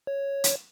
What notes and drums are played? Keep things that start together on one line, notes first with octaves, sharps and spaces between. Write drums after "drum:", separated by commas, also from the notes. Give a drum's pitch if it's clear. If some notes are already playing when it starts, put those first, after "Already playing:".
C#5
drum: hi-hat